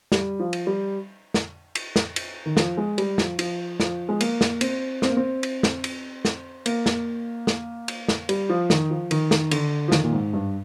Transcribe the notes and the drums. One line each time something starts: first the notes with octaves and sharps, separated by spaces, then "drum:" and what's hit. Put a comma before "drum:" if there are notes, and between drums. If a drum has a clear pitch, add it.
G3, drum: snare
F3
drum: cymbal
G3
drum: snare
drum: cymbal
drum: snare
drum: cymbal
D#3
F3, drum: snare
G#3
G3, drum: cymbal
F3, drum: snare
F3, drum: cymbal
F3, drum: snare
G#3
A#3, drum: cymbal
drum: snare
C4, drum: cymbal
C4, drum: snare
A#3
C4
drum: cymbal
drum: snare
drum: cymbal
drum: snare
A#3, drum: cymbal
drum: snare
drum: snare
drum: cymbal
drum: snare
G3, drum: cymbal
F3
D#3, drum: snare
F3
D#3, drum: cymbal
drum: snare
D3, drum: cymbal
F3
D#3, drum: snare
A#2
G#2
G2